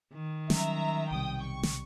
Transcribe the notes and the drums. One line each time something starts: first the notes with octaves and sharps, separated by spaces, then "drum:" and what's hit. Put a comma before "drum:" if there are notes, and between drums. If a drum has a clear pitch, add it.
D#3
F#3 G3 C#4 E5 A#5, drum: snare
B1 C3 G3 G5 D#6
C#6
drum: snare